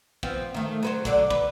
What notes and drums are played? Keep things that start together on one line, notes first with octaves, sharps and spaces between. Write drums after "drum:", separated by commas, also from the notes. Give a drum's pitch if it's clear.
F3 B3 C4, drum: kick
D#3 A3
F#3 B4 C5
D3 F#3 D5, drum: kick, hi-hat
B4, drum: kick